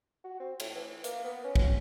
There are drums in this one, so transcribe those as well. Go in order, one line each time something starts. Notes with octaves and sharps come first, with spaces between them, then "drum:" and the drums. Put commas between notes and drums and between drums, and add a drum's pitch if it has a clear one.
F#4
C4
A2, drum: cymbal
E3
A#3, drum: hi-hat
B3
C#4
drum: kick